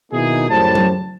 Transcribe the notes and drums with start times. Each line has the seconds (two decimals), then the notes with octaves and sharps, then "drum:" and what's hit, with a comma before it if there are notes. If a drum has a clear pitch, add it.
0.12 B2 D#3 A#3 D#4 E4 G#4
0.49 F#2 A2 C#3 G3 C5 A5
0.75 drum: tom F#3